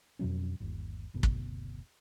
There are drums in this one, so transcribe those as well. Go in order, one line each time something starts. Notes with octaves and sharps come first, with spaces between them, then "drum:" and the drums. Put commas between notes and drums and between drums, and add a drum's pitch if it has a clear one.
F2 B2 F#3 C#4
G1 D#2
F#1 D2 B2
drum: kick